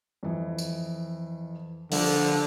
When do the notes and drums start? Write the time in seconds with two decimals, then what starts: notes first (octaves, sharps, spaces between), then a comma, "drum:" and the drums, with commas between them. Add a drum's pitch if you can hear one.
0.23 F2 E3
0.58 drum: tambourine
1.91 D3 F3, drum: open hi-hat